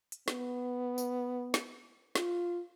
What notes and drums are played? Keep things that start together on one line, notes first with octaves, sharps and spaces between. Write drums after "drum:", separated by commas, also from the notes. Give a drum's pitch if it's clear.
drum: hi-hat
B3, drum: snare
drum: tambourine
drum: snare
F4, drum: snare